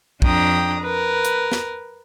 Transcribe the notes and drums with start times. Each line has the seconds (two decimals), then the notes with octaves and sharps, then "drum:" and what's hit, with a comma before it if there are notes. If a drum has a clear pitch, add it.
0.22 F2 D4 G5 A#5 D#6, drum: kick
0.80 A#4 B4
1.25 drum: hi-hat
1.52 drum: snare